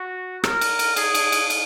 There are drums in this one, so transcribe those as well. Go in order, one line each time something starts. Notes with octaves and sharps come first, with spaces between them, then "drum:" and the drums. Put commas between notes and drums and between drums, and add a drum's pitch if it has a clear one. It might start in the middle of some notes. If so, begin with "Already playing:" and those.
Already playing: F#4
A#4, drum: rim click
drum: cymbal
drum: cymbal
G#4, drum: cymbal
drum: cymbal
drum: cymbal
drum: cymbal